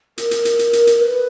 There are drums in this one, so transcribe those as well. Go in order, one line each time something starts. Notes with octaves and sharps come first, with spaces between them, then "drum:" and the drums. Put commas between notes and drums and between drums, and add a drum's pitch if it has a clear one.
A#4, drum: hi-hat
drum: hi-hat
drum: hi-hat
drum: hi-hat
drum: hi-hat
drum: hi-hat
B4